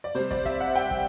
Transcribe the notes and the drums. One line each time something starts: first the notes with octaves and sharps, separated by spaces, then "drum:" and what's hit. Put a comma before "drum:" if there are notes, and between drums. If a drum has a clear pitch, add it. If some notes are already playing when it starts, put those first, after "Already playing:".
D5
C3 G3 C5, drum: open hi-hat
D5, drum: kick
E5, drum: kick, hi-hat
F#5
G5, drum: hi-hat
drum: kick